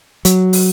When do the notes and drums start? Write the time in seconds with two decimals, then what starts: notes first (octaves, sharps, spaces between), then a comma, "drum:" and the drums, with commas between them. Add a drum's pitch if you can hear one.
0.25 F#3, drum: hi-hat
0.53 drum: open hi-hat